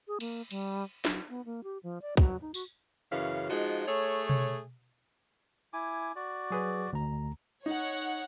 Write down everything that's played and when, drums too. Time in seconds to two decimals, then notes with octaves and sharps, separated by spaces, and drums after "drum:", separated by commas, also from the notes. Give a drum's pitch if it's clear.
0.08 G#4
0.20 A#3, drum: cymbal
0.51 G3, drum: cymbal
1.05 F#3, drum: snare
1.29 B3
1.45 A#3
1.64 G4
1.83 F3
2.02 D5
2.17 F#3, drum: kick
2.42 D#4
2.54 F#4, drum: tambourine
3.12 F#2 C#3 E3 F5
3.50 F3 G#3 D#4 F4 F#4
3.88 A3 G#4 C#5
4.30 drum: tom B2
5.73 E4 G#5 D6
6.15 F#4 D5
6.50 F#3 G#4 B4
6.93 D2 A#5
7.66 D#4 C#5 F#5